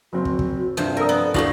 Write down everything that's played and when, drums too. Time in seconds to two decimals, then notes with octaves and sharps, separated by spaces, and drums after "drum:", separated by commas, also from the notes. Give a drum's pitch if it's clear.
0.13 F#1 C4 F#4
0.25 drum: kick
0.39 drum: kick
0.77 D#1 G2 C3 F3 D4
0.97 A4 A#4 D5 A#5 D#6
1.09 B3
1.34 A2 A3 D4 F#4 F5 A#6 F#7, drum: kick